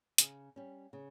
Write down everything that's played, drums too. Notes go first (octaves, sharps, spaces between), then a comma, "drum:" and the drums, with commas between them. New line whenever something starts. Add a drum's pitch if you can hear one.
C#3, drum: hi-hat
G3 C#4
C#3